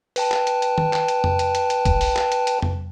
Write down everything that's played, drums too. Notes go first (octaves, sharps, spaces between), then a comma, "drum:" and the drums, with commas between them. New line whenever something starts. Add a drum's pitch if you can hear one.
B4 G5 A5, drum: open hi-hat
drum: clap
drum: hi-hat
drum: hi-hat
drum: tom D#3
drum: clap
drum: hi-hat
drum: tom F2
drum: hi-hat
drum: hi-hat
drum: hi-hat
drum: kick A#1, hi-hat
drum: open hi-hat
drum: clap
drum: hi-hat
drum: hi-hat
drum: tom F2